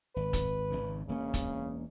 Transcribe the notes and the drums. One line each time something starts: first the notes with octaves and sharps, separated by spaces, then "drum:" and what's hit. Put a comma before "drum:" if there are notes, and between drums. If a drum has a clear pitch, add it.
G#1 B4
drum: kick, hi-hat
G#1 G#2 C#3
E1 C#3 A#3 C#4
drum: kick, hi-hat